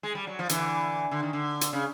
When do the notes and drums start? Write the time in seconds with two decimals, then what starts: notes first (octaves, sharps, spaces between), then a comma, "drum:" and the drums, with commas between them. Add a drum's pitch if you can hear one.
0.03 G#3
0.15 G3
0.27 F#3
0.39 F3
0.49 D3 E3, drum: hi-hat
1.12 D3
1.23 D#3
1.33 D3
1.61 drum: hi-hat
1.73 C#3